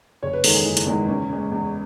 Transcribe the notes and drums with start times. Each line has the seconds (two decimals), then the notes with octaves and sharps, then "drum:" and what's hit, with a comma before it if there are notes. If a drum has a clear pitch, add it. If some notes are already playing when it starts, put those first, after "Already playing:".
0.22 F#1 C#5
0.33 B4
0.44 E2 D#3 G#3 A4, drum: open hi-hat
0.55 G#4
0.65 F#1 E4
0.77 drum: hi-hat
0.86 E2 D#3 G#3
1.08 E2 C#4
1.29 C#3 G#3
1.52 E2